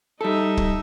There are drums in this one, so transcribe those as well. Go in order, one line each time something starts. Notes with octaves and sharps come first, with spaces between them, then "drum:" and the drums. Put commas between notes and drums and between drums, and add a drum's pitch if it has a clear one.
G3 D#4 A4 E5
drum: kick C#1